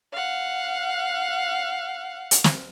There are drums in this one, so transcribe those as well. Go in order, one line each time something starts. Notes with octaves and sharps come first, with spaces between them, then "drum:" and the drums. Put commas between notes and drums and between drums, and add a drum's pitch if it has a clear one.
F5 F#5
drum: hi-hat
drum: snare